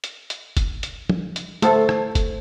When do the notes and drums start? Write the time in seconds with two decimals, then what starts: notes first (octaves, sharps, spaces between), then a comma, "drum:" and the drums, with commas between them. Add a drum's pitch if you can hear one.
0.04 drum: hi-hat
0.30 drum: hi-hat
0.57 drum: kick F#1, hi-hat
0.83 drum: hi-hat
1.09 drum: tom
1.36 drum: hi-hat
1.62 A3 A4 C5, drum: hi-hat
1.89 drum: rim click
2.15 drum: kick F#1, hi-hat